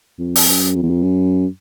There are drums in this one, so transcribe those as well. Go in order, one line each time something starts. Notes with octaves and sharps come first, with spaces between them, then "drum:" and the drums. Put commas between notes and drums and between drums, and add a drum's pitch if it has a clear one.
F2
drum: open hi-hat
F#2
F2
E2
F2
F#2